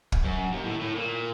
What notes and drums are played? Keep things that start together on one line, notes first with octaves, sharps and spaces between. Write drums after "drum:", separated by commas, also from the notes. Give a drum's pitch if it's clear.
drum: kick
F#2
D#2
A2
A2
A#2